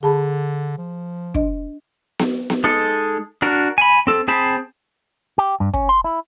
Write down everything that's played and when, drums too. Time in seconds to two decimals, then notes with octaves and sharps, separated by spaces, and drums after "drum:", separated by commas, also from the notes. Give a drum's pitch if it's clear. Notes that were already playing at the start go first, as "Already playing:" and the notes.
0.03 D3 G#4 A5 B5
0.78 F3
1.35 D4 D#5, drum: kick
2.19 drum: snare B3
2.50 drum: snare B3
2.64 G#3 D#4 A4
3.42 D4 F#4 A#4
3.78 G#5 B5
4.07 C4 A4
4.28 C4 G#4 C5 A5 B5
5.38 G4
5.60 G2
5.74 C#4, drum: kick
5.89 C6
6.04 E4